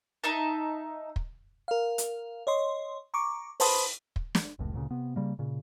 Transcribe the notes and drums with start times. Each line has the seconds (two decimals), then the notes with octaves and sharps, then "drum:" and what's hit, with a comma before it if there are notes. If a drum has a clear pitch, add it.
0.24 D#4 E5 A5
1.16 drum: kick
1.68 A#4 F5
1.98 drum: hi-hat
2.47 C#5 D#5 C6
3.14 A#5 C#6 D6
3.60 B4 C5 A5 B5 C6 D#6, drum: open hi-hat
4.16 drum: kick
4.35 drum: snare
4.59 F1 C#2 A2
4.73 D2 A#2 C#3
4.90 C3 B3
5.16 C#3 G3 A#3
5.39 A#2 C#3